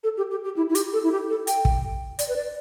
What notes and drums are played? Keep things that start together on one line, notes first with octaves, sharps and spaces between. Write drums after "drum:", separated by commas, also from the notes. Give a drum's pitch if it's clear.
A4
G4
G4
G4
E4
E4
G4, drum: hi-hat
A4
E4
G4
A4
G5, drum: hi-hat
drum: kick
D5, drum: hi-hat
B4
D5